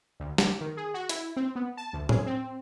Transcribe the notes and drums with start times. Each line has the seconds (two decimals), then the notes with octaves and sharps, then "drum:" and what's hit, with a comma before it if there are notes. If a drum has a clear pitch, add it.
0.20 D2
0.38 G4, drum: snare
0.61 D#3
0.77 G#4
0.94 F#4
1.09 E4, drum: hi-hat
1.37 C4
1.56 B3
1.77 A5
1.93 D2
2.09 G#4, drum: tom A2
2.26 C4